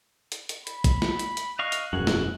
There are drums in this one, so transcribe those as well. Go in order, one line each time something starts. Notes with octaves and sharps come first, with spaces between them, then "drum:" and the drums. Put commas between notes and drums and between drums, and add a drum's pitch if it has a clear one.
drum: hi-hat
drum: hi-hat
B5, drum: hi-hat
drum: kick, hi-hat
drum: snare
drum: hi-hat
drum: hi-hat
D#5 F5 C#6 F#6
drum: hi-hat
E1 F#2 F#4 G#4
drum: snare